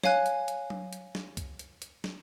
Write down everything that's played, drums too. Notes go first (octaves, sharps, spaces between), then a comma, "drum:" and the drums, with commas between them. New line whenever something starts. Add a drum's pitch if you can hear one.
C#5 F5 G#5 F#6, drum: snare
drum: hi-hat
drum: hi-hat
drum: tom F#3
drum: hi-hat
drum: snare
drum: kick C2, hi-hat
drum: hi-hat
drum: hi-hat
drum: snare